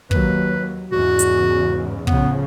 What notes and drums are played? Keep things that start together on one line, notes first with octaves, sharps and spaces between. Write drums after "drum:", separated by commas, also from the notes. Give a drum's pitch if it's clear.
D#2 F#3 B4, drum: kick
E2 G#2 C#3 F#4
drum: hi-hat
A2 C#3 F3 B3, drum: kick